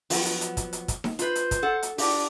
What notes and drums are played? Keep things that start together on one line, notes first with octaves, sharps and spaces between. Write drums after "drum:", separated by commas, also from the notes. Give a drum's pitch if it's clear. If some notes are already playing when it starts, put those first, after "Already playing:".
F3 F#3 B3, drum: open hi-hat
drum: hi-hat
drum: hi-hat
drum: kick, hi-hat
drum: hi-hat
drum: kick, hi-hat
drum: snare D#4
F4 B4 C5, drum: hi-hat
drum: hi-hat
drum: kick, hi-hat
A4 F#5
drum: hi-hat
D4 G4, drum: open hi-hat